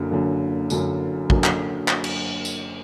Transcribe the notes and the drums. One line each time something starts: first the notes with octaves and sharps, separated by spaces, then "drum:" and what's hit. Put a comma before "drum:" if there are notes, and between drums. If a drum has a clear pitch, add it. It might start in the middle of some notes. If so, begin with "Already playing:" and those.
Already playing: F#1 F#2 D3
F#1 F#2 D3
F#1 F#2 D3, drum: tambourine
F#1 F#2 D3, drum: kick
drum: clap
drum: clap
drum: cymbal
drum: tambourine